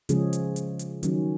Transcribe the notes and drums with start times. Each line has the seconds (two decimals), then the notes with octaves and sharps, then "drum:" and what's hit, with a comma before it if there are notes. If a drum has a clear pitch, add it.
0.09 C#3 F3 G#3 C#4 G#4, drum: hi-hat
0.33 drum: hi-hat
0.56 drum: hi-hat
0.79 drum: hi-hat
1.03 D#3 F#3 C#4, drum: hi-hat